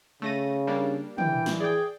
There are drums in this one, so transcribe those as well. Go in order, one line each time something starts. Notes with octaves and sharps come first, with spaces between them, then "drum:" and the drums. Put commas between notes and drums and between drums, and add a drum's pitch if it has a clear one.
C#3 A3 A#6 D#7
G3 A#3 D4
E3 G5, drum: tom
drum: snare
G#4 D5 G5